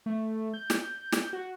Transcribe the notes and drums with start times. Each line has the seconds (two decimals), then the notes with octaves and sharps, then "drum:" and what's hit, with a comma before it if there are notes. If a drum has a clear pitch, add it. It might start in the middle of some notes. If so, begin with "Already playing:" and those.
0.06 A3
0.54 G6
0.70 drum: snare
1.13 drum: snare
1.33 F#4